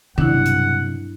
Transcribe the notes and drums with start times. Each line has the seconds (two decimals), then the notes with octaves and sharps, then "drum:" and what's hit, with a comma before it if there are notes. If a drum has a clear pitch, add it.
0.18 B1 G2 C3 D4 E4 F#5, drum: tom D#3
0.46 drum: hi-hat